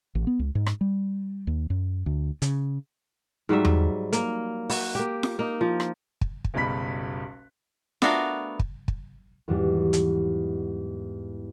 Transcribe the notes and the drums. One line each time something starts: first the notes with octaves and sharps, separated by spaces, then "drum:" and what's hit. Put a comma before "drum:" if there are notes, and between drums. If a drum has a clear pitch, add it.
A1
B3
C#2
G#2
drum: rim click
G3
D#2
F#2
D2
C#3, drum: hi-hat
G#2 F#3 G3 E5
drum: tom E2
A#3 A#4, drum: hi-hat
F#4, drum: open hi-hat
A#3 G4
drum: snare F4
A#3 D#4
F3
drum: rim click
drum: kick
drum: kick
F#1 B1 B2 G3 B5 B6
A3 B3 D4 F#4 A#4 F5, drum: snare F4
drum: kick
drum: kick
E2 G#2 E3 F#3 G3
drum: hi-hat